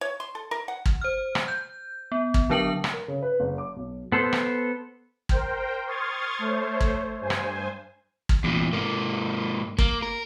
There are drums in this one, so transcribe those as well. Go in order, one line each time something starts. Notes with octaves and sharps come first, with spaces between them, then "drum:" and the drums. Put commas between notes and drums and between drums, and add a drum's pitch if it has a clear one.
C#5
C6
A4
A#4
F#5
drum: kick
C5 F6
drum: rim click
G6
B3
drum: kick
D3 F#3 D4 A#4 A5 F#7
drum: rim click
A#4
C#3
B4
F#1
D6
B1
B3 A4 C5
drum: rim click
A#4 C5 G5, drum: kick
C6 C#6 D#6 F6 G#6 A6
A3 C5 C#5
drum: kick
G2 C5 G#5
drum: rim click
drum: kick
E2 A#2
G#2 A#3
A#3, drum: kick
A#4